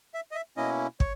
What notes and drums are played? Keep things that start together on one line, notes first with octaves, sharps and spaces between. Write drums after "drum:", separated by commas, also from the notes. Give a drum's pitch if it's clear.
E5
D#5
E5
B2 A#3 C#4 E4 D#5
C#5, drum: kick